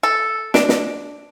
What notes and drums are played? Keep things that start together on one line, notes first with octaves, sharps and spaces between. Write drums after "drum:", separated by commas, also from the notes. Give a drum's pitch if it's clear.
A4
D4, drum: snare
drum: snare